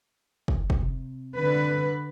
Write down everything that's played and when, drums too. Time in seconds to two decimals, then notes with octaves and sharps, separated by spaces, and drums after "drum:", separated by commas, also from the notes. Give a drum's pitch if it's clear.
0.48 drum: kick
0.70 drum: kick
0.81 C3
1.35 D3 B4